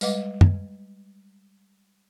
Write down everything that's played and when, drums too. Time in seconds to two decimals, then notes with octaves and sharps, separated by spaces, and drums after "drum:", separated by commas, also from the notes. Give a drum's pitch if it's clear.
0.01 G3 G#3 B4 D#5 F#5 D6, drum: tambourine
0.41 drum: tom